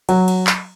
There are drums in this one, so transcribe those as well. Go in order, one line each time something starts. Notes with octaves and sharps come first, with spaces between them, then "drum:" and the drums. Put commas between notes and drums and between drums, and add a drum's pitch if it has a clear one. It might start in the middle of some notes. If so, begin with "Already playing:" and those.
F#3, drum: cymbal
drum: cymbal
drum: clap